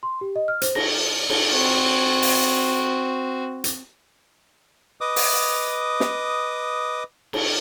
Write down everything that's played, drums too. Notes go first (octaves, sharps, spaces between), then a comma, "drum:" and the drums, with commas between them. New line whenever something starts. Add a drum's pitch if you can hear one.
C6
G4
D#5
F6
C5, drum: hi-hat
A#6, drum: cymbal
drum: cymbal
C4 F#4
drum: open hi-hat
drum: hi-hat
B4 D#5 D6 D#6
drum: open hi-hat
drum: snare
drum: cymbal